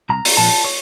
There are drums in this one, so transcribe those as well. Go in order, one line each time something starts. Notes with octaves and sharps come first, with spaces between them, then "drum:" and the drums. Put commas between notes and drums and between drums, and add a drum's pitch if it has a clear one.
C2 A#5
drum: open hi-hat
A#2 F3 A5
C#5